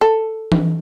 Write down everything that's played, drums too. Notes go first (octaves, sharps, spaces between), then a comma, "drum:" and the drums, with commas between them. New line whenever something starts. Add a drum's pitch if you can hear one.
A4
drum: tom E3